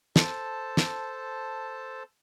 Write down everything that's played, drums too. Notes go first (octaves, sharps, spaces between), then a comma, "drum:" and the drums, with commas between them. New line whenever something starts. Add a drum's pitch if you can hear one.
A4 C5 A5, drum: snare
drum: snare